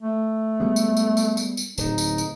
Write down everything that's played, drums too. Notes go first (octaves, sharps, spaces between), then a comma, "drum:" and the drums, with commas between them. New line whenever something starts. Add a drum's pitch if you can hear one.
A3
G3 G#3 B3
drum: tambourine
drum: tambourine
drum: tambourine
drum: tambourine
drum: tambourine
D1 D#4, drum: tambourine
drum: tambourine
drum: tambourine